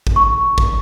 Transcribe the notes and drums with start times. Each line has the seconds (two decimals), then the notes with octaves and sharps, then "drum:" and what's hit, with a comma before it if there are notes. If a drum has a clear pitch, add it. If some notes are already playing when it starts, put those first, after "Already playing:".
0.07 drum: kick
0.16 C#6
0.58 drum: kick